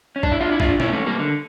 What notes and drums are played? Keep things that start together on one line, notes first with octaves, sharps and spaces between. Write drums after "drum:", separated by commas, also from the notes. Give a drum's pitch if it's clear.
C#4
D4, drum: kick A#1
E4
D4 F4
E4
D4 F4, drum: kick A#1
C#4 E4, drum: tom
A#3
A3 C#4
G3 A#3
D3